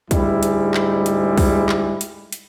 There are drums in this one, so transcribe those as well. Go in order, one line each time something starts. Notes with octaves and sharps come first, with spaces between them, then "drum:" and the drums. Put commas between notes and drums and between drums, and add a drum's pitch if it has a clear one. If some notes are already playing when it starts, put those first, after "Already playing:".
D2 G#2 G3 G#3 E4, drum: kick, hi-hat
drum: hi-hat
drum: clap
drum: hi-hat
drum: kick, open hi-hat
drum: clap
drum: hi-hat
drum: hi-hat